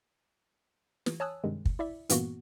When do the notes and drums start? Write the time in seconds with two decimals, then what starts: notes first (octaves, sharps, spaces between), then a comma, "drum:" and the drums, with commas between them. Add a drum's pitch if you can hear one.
1.06 E3, drum: snare
1.20 C#5 G#5 A5 D#6 E6 F#6
1.44 G2 C3 D#3 G#3
1.65 drum: kick
1.79 E4 D5 E5
2.09 G2 A#2 E3 A#3 B3 F#4, drum: hi-hat